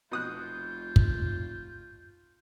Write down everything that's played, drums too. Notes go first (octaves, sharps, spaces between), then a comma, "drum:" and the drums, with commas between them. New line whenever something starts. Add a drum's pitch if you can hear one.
F1 B2 F4 D#6 F#6 G6
drum: kick